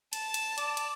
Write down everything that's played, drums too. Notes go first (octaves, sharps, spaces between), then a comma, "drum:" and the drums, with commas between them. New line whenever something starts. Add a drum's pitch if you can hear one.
A5, drum: hi-hat
drum: hi-hat
D5, drum: hi-hat
drum: hi-hat